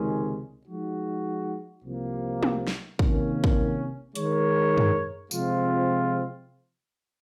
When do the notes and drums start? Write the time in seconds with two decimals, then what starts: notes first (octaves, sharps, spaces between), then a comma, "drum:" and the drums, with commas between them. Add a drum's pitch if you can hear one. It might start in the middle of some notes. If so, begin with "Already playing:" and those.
Already playing: C#2 C3 D#3 G#3 C#4
0.67 F3 G#3 D#4 F#4
1.83 C2 C3 F3 A#3
2.43 drum: tom
2.67 drum: snare
2.99 C3 D#3 A#3 C#4, drum: kick
3.44 drum: kick
4.15 D#3 G#3 D#4 A#4 C#5, drum: hi-hat
4.77 drum: tom
5.31 C3 F3 G#3 C4 F4, drum: tambourine